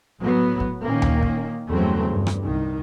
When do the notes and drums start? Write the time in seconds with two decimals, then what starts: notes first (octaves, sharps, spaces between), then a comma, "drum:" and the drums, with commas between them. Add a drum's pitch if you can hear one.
0.21 A2 F#3 B3
0.60 drum: kick
0.84 A#2 D#3 A#3 C#4
1.02 drum: tom D2
1.23 drum: kick
1.70 E2 G2 C#3 F#3 A3 C4
2.06 G2
2.27 drum: rim click
2.43 C2 D#3